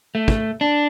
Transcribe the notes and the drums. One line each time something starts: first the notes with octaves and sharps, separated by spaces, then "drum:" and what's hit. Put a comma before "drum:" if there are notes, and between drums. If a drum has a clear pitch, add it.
A3
drum: kick
D4